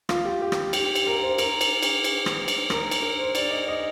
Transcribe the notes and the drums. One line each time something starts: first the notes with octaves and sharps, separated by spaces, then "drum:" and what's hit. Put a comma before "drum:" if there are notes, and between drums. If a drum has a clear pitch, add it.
F4, drum: rim click
G4
G4
drum: rim click
G4, drum: cymbal
drum: cymbal
A#4
C5
A#4, drum: cymbal
drum: cymbal
drum: cymbal
drum: cymbal
drum: rim click
drum: cymbal
A#4, drum: rim click
drum: cymbal
A#4
C5
D5, drum: cymbal
D#5
D#5